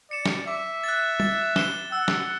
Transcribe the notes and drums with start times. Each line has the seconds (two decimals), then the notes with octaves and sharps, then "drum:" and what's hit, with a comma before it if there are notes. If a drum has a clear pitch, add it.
0.11 D5 C#7 E7
0.26 drum: snare
0.47 E5 D6
0.84 F#6 A6
1.20 A6, drum: tom G3
1.56 E7 G7, drum: snare
1.92 F#5 E6
2.08 drum: snare